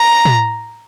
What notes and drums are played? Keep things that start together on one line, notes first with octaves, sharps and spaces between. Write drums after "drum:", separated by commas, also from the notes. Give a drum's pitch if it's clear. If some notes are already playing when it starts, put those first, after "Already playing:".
Already playing: A#5
drum: tom